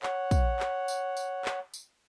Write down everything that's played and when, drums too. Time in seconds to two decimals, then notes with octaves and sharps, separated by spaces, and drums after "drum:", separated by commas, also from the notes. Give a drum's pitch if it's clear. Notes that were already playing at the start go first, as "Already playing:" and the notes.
0.03 C#5 F#5, drum: clap
0.31 drum: kick, tambourine
0.60 drum: clap
0.88 drum: tambourine
1.17 drum: tambourine
1.45 drum: clap
1.74 drum: tambourine